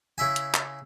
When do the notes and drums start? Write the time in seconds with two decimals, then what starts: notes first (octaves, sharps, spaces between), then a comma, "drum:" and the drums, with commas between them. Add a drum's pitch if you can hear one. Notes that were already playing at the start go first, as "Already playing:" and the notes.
0.18 C#3 E4 E5 G#5
0.36 drum: hi-hat
0.54 drum: clap